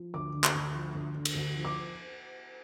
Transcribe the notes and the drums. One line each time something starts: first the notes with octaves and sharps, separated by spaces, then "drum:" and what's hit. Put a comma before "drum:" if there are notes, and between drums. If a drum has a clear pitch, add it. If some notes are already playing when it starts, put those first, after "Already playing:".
Already playing: F3
D2 D6
D3
drum: clap
D2
F3
D2
D3
drum: cymbal
D2
F3
D6